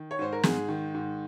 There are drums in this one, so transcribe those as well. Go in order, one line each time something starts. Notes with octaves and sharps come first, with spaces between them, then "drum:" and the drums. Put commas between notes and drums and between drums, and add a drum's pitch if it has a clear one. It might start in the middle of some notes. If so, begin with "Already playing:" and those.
Already playing: D#3
C#5
G#2 C5
A#4
G#2 G#4, drum: snare
D#3
G#2